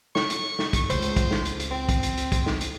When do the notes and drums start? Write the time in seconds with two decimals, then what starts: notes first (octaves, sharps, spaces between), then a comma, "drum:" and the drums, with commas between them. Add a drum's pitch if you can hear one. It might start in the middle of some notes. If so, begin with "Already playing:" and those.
0.15 C#6, drum: snare
0.30 drum: hi-hat
0.59 drum: snare
0.73 drum: kick, hi-hat
0.90 C#2 C5, drum: hi-hat
1.02 drum: hi-hat
1.16 drum: kick, hi-hat
1.31 drum: snare
1.45 drum: hi-hat
1.60 drum: hi-hat
1.71 C4
1.89 drum: kick, hi-hat
2.03 drum: hi-hat
2.17 drum: hi-hat
2.32 drum: kick, hi-hat
2.46 drum: snare
2.61 drum: hi-hat